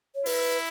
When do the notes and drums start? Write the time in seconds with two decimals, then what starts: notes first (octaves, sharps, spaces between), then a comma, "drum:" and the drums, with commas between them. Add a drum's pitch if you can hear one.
0.15 C#5
0.26 E4 B4, drum: open hi-hat